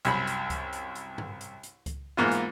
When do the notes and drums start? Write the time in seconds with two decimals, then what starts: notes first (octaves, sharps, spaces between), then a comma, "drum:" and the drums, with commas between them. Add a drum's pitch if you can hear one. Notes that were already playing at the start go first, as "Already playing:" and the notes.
0.05 C2 F#2 B5, drum: hi-hat
0.27 drum: hi-hat
0.50 drum: kick C#2, hi-hat
0.73 drum: hi-hat
0.95 drum: hi-hat
1.18 drum: tom G2
1.41 drum: hi-hat
1.63 drum: hi-hat
1.86 drum: kick C#2, hi-hat
2.17 G#2 E3 A#3 B3 F4
2.32 drum: hi-hat